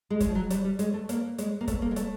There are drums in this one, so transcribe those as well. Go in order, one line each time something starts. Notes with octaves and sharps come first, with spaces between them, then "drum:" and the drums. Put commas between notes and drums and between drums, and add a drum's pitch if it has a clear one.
G#3
G#3, drum: kick, hi-hat
F3
F#3
G3, drum: hi-hat
G3
G#3, drum: hi-hat
A3
A#3, drum: hi-hat
G#3, drum: hi-hat
A#3
A3, drum: kick, hi-hat
A#3
G#3
A3, drum: hi-hat